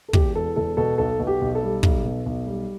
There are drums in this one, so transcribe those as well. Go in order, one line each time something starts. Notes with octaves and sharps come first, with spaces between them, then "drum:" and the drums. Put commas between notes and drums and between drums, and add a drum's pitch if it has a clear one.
A4
E1 G4, drum: kick
E2 A4
E1 A4
B2 A4
B1 A4
B2
G4
B1
A4
G3
B1, drum: kick
B2
B1
G3